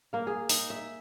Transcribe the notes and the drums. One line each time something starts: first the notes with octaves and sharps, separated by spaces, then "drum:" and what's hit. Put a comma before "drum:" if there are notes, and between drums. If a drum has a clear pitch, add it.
A#3 F5
G#4
D#4, drum: open hi-hat
E5